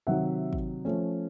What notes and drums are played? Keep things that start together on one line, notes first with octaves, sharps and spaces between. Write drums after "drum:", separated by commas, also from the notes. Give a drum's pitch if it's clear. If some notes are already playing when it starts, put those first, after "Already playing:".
C3 D#3 F#3 E5 F#5
drum: kick
F3 A3 C#4